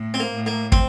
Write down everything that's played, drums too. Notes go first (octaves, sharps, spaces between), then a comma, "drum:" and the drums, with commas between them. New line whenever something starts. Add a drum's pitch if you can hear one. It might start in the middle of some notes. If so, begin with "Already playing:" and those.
Already playing: A2
C4
A#3
A2
A#3
C4, drum: kick